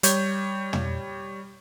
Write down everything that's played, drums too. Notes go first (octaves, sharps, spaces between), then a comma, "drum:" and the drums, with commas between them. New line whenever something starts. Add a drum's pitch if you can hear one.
G3 C#5 G6, drum: hi-hat
drum: tom